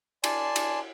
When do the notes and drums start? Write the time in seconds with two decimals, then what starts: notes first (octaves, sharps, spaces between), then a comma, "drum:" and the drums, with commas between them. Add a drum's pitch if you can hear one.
0.24 D5 G#5 A5 C6, drum: cymbal
0.56 drum: cymbal